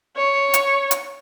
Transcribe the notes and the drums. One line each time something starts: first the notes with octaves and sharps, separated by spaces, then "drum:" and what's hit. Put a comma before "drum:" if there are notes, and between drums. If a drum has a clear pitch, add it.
C#5
drum: hi-hat
drum: hi-hat